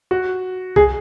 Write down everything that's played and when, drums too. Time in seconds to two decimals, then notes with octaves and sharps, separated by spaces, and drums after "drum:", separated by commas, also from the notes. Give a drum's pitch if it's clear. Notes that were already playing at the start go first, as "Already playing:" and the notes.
0.11 F#4
0.76 G#4, drum: kick C2